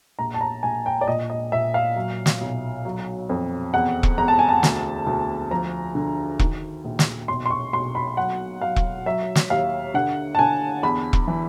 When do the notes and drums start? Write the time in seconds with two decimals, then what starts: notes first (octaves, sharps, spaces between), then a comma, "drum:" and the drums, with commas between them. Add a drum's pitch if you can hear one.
0.19 A#1 A#5
0.34 A5
0.41 A#5
0.63 A#1 G#5
0.86 G5
1.01 D5
1.07 A#2 D#5
1.30 D#5
1.52 A#2 E5
1.74 F5
1.96 F#3
2.26 drum: snare
2.41 B1
2.85 F#3
3.29 F2
3.74 E2 F#5
4.03 drum: kick E1
4.18 E2 A#5
4.28 A5
4.39 G#5
4.49 A5
4.63 D2, drum: snare
5.07 D2
5.51 F3 A#5
5.95 D3
6.39 D#3, drum: kick E1
6.84 A#1
6.99 drum: snare
7.28 B1 C6
7.46 C6
7.51 C#6
7.73 B1 C6
7.95 B5
8.17 F#3 F#5
8.61 F#3 F5
8.76 drum: kick E1
9.06 F#3 E5
9.36 drum: snare
9.50 D#2 F5
9.94 D3 F#5
10.35 A5
10.39 D3 G#5
10.83 E2 B5
11.13 drum: kick E1
11.28 E3